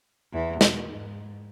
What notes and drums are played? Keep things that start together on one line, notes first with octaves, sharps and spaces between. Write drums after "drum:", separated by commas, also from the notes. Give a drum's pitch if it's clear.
E2 E3
B2, drum: snare
G#2